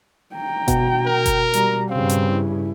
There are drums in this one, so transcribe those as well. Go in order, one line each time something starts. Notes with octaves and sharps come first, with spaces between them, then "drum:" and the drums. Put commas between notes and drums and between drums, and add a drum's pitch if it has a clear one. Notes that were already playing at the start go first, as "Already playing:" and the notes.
G5 A#5
B2 F#4, drum: kick F#1, hi-hat
A#4
drum: kick F#1, hi-hat
G3 A#5, drum: hi-hat
G2 C#3 C4 F5
drum: hi-hat
E4